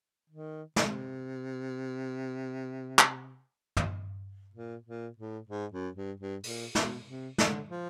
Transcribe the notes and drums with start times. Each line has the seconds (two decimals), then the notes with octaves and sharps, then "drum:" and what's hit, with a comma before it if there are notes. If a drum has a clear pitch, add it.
0.30 D#3
0.76 C3, drum: snare
2.99 drum: clap
3.77 drum: tom
4.54 A#2
4.86 A#2
5.17 A2
5.49 G#2
5.72 F#2
5.95 G2
6.20 G2
6.44 A#2, drum: open hi-hat
6.75 B2, drum: snare
7.07 C3
7.38 D3, drum: snare
7.69 F3